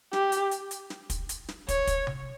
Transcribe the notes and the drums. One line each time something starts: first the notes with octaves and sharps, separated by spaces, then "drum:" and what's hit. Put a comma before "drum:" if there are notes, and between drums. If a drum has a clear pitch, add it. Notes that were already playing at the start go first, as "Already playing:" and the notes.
G4, drum: snare
drum: hi-hat
drum: hi-hat
drum: hi-hat
drum: snare
drum: kick, hi-hat
drum: hi-hat
drum: snare
C#5, drum: kick, hi-hat
drum: kick, hi-hat
drum: tom C3